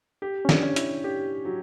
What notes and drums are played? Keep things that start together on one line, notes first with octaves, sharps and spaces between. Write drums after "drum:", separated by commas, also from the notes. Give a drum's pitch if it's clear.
G4
C#4
D4, drum: snare
C#4
E4, drum: hi-hat
G4
F#3